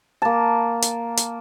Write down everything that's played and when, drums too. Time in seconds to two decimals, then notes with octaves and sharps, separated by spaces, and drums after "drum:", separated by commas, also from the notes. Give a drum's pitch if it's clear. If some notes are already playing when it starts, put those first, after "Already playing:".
0.22 A#3 A5
0.82 drum: hi-hat
1.17 drum: hi-hat